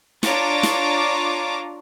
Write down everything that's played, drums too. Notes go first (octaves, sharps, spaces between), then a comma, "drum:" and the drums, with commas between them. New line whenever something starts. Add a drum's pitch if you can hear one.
D4 F4 C#5 A#5 D6 A6, drum: snare
drum: snare